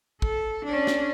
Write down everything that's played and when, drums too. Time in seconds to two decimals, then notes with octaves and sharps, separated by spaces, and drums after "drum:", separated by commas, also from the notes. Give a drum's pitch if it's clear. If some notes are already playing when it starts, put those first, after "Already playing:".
0.22 A4, drum: kick
0.65 C#4 D4
0.87 drum: snare